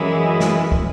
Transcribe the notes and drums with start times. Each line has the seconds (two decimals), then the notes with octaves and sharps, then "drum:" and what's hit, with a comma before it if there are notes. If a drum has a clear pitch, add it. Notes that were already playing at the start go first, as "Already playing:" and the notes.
Already playing: F#2 E3 G#3 E4
0.40 drum: snare
0.72 drum: kick